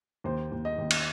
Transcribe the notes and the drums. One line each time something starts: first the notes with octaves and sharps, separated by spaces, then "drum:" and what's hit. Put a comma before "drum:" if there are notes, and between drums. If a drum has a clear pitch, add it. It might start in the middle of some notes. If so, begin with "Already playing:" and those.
D#2 C5
D#2
D#5
D#2
drum: cymbal